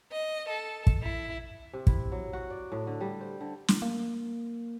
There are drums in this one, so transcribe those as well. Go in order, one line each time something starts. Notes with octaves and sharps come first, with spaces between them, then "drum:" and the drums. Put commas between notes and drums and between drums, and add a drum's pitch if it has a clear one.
D#5
A4
drum: kick
E4
C3
E4, drum: kick
F#3
F#4
D5
A2
D3
G3
C5
D3
drum: snare
A#3